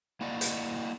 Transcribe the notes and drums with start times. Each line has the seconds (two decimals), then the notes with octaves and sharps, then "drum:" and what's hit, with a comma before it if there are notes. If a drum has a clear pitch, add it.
0.21 A#3 E4 F#4 D5 D#5
0.41 drum: hi-hat